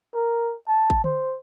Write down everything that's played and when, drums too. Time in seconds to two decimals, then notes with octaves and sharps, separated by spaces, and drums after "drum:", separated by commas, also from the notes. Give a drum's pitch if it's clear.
0.14 A#4
0.68 A5
0.90 drum: kick G#1
1.04 C5, drum: tom D3